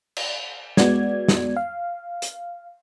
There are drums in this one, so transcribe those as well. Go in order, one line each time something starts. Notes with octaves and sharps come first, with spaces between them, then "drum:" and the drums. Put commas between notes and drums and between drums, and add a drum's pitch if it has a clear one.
drum: cymbal
G#3 B3 F#4 D5 G#6, drum: snare
drum: snare
F5
drum: hi-hat